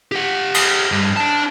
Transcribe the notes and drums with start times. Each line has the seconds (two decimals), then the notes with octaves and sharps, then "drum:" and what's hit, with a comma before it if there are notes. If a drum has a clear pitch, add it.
0.12 G4 F#5
0.54 drum: cymbal
0.92 G2
1.16 D4 A5